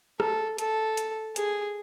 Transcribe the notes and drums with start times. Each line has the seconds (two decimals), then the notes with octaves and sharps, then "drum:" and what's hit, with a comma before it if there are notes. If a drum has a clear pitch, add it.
0.20 A4, drum: rim click
0.58 A4, drum: hi-hat
0.97 drum: hi-hat
1.36 G#4, drum: hi-hat